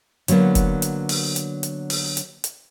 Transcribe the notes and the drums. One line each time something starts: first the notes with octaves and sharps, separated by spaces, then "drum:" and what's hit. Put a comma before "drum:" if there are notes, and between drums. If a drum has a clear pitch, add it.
D3 F#3 A#3 B3, drum: hi-hat
drum: kick F1, hi-hat
drum: hi-hat
drum: open hi-hat
drum: hi-hat
drum: hi-hat
drum: open hi-hat
drum: hi-hat
drum: hi-hat